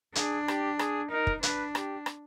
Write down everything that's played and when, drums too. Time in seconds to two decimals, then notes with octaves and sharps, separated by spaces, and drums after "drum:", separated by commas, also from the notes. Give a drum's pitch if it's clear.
0.15 D4 G#4, drum: hi-hat
0.48 G4, drum: rim click
0.79 G#4, drum: rim click
1.11 D#4 A#4
1.27 drum: kick
1.43 D4 B4, drum: hi-hat
1.75 G4, drum: rim click
2.06 drum: rim click